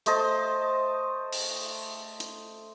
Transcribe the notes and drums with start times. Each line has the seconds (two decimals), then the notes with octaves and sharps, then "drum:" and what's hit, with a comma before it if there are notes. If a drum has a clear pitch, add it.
0.06 A3 C5 D#5 A5, drum: hi-hat
1.33 drum: open hi-hat
2.20 drum: hi-hat